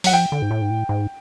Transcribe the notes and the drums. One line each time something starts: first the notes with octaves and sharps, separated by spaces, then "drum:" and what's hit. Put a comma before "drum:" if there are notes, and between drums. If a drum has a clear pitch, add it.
F#3 F#5, drum: open hi-hat
F3 G5
D3
G#2
A2
G#2
A2
G#2